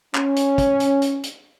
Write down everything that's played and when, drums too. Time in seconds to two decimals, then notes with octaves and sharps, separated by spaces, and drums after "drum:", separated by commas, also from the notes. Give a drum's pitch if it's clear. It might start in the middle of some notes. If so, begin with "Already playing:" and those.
0.15 C#4, drum: clap
0.36 drum: hi-hat
0.58 drum: kick, hi-hat
0.80 drum: hi-hat
1.02 drum: hi-hat
1.23 drum: hi-hat